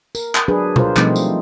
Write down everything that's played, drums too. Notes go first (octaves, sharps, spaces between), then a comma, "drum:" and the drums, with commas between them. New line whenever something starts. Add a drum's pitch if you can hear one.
A#4, drum: tambourine
drum: clap
F#3 D4 G#4 B4
F4 G#4 A#4 C5, drum: tom B2
F3 G3 A3 C4 D#4, drum: clap
drum: tambourine